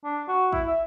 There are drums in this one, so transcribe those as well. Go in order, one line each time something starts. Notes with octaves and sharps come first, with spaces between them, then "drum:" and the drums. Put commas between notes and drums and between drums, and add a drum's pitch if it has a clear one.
D4
F#4
E4, drum: kick A1
E5